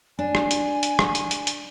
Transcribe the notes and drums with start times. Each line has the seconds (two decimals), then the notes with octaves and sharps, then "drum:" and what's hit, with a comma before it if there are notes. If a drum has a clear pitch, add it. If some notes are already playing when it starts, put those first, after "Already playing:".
0.19 D4 G#5
0.35 drum: rim click
0.51 drum: hi-hat
0.83 drum: hi-hat
0.99 drum: rim click
1.15 drum: hi-hat
1.31 drum: hi-hat
1.47 drum: hi-hat